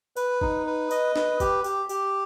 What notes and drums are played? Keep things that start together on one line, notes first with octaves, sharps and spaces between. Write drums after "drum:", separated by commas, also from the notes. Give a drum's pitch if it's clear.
B4, drum: tambourine
D#4, drum: kick G1
B4
D#5, drum: tambourine
B4, drum: snare
G4, drum: kick G1, tambourine
G4, drum: tambourine
G4, drum: tambourine